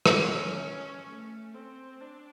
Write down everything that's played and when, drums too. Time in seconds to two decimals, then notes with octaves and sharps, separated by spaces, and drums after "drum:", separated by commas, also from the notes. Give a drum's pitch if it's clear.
0.06 drum: rim click
0.18 C#4
1.09 A3
1.54 C4
2.00 D4